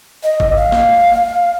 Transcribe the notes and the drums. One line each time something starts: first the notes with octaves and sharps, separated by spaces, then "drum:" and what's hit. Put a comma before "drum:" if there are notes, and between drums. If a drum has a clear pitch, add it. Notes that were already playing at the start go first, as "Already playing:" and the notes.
D#5
drum: kick G1
F5
drum: snare